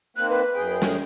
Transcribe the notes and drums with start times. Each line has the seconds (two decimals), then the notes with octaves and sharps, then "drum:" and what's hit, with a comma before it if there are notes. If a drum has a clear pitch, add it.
0.17 D#3 A#3 C4 F#6
0.30 B4
0.54 F#2 G#4 G5
0.82 drum: snare